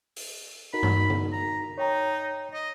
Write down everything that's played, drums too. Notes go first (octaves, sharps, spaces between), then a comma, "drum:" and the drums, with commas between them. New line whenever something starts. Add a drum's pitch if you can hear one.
drum: open hi-hat
D#4 F#4 A#4 B5
drum: tom G2
drum: tom
A#5
D#4 C#5 G5 A#5
D#5